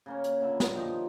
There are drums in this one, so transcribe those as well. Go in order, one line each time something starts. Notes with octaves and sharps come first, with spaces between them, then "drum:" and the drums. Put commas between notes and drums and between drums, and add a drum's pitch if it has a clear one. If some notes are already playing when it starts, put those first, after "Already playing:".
C#3 A#3 C#4
drum: hi-hat
A#2 D3 E5 B5
drum: snare
D#3 F3 D#4 G4